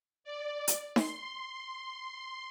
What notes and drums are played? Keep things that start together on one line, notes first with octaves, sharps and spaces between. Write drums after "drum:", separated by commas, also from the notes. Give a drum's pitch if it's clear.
D5
drum: hi-hat
C6, drum: snare D#4